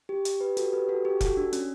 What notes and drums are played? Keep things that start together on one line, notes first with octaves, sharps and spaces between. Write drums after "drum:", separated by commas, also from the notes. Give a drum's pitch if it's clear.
G4
drum: hi-hat
G4 B4
F#4 A4, drum: hi-hat
G4 B4
F#4 A4
G4
F#4 A4, drum: kick F1, hi-hat
D4
C#4, drum: hi-hat